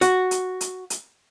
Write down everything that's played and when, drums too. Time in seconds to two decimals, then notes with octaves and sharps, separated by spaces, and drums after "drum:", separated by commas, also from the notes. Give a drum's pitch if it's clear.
0.01 F#4, drum: hi-hat
0.31 drum: hi-hat
0.61 drum: hi-hat
0.90 drum: hi-hat